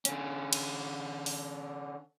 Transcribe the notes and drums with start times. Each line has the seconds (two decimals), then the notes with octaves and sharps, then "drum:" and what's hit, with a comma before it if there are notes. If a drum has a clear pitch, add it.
0.05 D3 C#4, drum: hi-hat
0.53 drum: cymbal
1.26 drum: open hi-hat